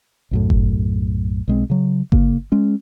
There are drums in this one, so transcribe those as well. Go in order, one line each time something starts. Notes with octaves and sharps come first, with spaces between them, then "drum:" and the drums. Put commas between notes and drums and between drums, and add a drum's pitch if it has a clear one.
B1 F#2 A2
drum: kick G1
B1 G#3 C4
C#3 F#3
C#3 A#3, drum: kick G1
G#3 C#4